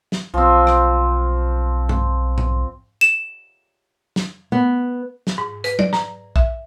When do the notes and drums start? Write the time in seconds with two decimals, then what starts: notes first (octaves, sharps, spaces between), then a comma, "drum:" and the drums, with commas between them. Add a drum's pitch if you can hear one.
0.12 drum: snare
0.34 B1 F3 C4
0.67 drum: rim click
1.89 drum: tom G2
2.38 drum: tom G#2
3.01 E7
4.16 drum: snare
4.52 B3
5.27 drum: snare
5.38 G#2
5.64 B4, drum: hi-hat
5.79 D5, drum: tom F#3
5.93 A#5, drum: snare
6.36 E5, drum: kick